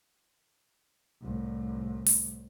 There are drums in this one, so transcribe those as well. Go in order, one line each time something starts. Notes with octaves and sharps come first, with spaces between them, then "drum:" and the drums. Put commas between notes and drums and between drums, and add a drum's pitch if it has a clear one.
C2 A2
drum: open hi-hat